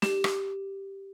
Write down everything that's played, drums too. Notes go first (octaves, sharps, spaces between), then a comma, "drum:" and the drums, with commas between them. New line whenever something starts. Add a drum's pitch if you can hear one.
G4, drum: snare
drum: rim click